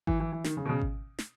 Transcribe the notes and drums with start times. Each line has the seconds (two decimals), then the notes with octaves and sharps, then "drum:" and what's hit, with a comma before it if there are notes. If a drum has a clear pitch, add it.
0.07 E3, drum: kick G#1
0.20 E3
0.32 E3
0.44 D#3, drum: snare
0.57 C#3
0.65 B2
0.69 C#3
0.81 drum: kick G#1
1.19 drum: snare